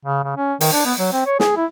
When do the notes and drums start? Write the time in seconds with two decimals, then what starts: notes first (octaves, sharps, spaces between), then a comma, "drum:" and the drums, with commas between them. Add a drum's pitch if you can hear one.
0.05 C#3
0.24 C#3
0.36 C#4
0.61 D#3, drum: open hi-hat
0.73 D4
0.85 B3
0.99 F#3
1.13 C4
1.26 C#5
1.40 G#4, drum: snare
1.57 E4